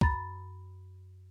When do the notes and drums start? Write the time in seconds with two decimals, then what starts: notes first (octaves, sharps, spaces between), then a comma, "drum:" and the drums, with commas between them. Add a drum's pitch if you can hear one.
0.01 F#2 B5 A6, drum: kick